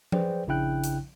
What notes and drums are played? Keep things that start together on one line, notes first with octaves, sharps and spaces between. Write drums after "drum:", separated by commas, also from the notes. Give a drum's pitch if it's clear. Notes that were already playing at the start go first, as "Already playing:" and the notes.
G#4 B4 C5 D5 G5, drum: tom F3
A#1 C#3 D4 E4 G5 F#6
drum: hi-hat